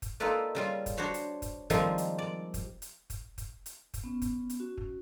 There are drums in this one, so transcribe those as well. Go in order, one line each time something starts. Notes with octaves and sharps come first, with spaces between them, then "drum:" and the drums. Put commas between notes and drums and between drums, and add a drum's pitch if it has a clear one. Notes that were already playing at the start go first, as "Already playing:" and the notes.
drum: kick, hi-hat
A#3 D#4 F4 A4 B4 D5
C#3 G3 F4
drum: kick, hi-hat
D4 F#4 C5 C#5 B5
drum: hi-hat
drum: kick, hi-hat
D#3 F3 G3 G#3 A#3 C4, drum: kick, hi-hat
drum: hi-hat
D5
drum: kick, hi-hat
drum: hi-hat
drum: kick, hi-hat
drum: kick, hi-hat
drum: hi-hat
drum: kick, hi-hat
B3 C#4
drum: kick, hi-hat
drum: hi-hat
C#4 F#4
drum: kick